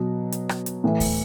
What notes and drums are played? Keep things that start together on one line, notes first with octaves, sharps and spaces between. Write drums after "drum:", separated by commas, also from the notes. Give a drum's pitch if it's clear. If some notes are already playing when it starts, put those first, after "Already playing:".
Already playing: B2 F#3
drum: hi-hat
drum: rim click
drum: hi-hat
A2 E3
drum: kick C#2, open hi-hat